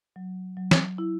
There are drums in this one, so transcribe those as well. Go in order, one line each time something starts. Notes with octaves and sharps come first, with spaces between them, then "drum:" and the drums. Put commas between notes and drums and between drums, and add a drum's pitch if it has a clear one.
F#3
F#3
drum: snare
E4